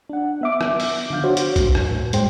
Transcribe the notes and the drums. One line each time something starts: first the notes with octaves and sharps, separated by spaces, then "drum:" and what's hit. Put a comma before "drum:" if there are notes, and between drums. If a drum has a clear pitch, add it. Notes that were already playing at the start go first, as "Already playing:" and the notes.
D4 F#5
B3 E5 D6
drum: rim click
drum: open hi-hat
D3 F3 F5 G6
D4 F#4 C5 C#5
drum: hi-hat
drum: kick B1, hi-hat
drum: rim click
A2
G2 G#3 C5 G5, drum: hi-hat